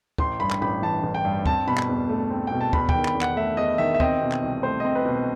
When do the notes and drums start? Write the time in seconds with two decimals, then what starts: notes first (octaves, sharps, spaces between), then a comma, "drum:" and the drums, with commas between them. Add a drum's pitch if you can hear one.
0.18 A1 C6, drum: kick
0.40 G2 B5
0.51 drum: clap
0.61 A1 B5
0.82 E3 A5
1.03 A1
1.15 G5
1.25 G2
1.46 C4 A5, drum: kick
1.67 B2 B5
1.78 drum: clap
1.89 E2
2.09 A3
2.30 C4
2.47 B2 G5
2.61 A5
2.73 E2 B5, drum: kick
2.89 G5, drum: kick
2.95 D#3
3.05 B5, drum: clap
3.15 E2
3.21 F#5, drum: clap
3.36 A3 E5
3.57 E2 D#5
3.78 D#3 E5
3.94 E5
4.00 C4 D#5, drum: kick
4.22 B2
4.32 drum: clap
4.43 C2
4.63 A3 C5
4.80 C4 D#5
4.95 B4
5.05 B2